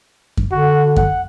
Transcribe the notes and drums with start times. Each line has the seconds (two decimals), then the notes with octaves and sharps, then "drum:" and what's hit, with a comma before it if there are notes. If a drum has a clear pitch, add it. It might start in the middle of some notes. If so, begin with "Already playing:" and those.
0.37 drum: kick F#2
0.52 D3 F#4
0.96 F#5, drum: kick F#2